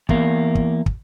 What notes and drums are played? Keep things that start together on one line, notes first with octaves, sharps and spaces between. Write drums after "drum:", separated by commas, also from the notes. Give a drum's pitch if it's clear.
E2 A#3, drum: kick
drum: kick
drum: kick